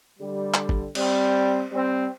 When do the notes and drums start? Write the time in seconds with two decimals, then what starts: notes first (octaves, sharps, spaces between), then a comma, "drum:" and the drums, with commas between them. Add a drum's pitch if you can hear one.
0.18 D3 G3
0.54 drum: clap
0.69 drum: kick
0.95 G3 C4, drum: cymbal
1.72 G3 C4